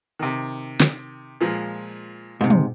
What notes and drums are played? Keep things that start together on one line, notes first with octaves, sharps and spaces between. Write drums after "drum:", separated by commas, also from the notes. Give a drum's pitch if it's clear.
C3 D#3
drum: snare
A#2 F3 G#3
G#2 C3
drum: tom